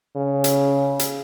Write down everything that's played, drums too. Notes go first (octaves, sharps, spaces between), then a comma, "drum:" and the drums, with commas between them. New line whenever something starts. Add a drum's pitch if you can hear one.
C#3
drum: hi-hat
drum: hi-hat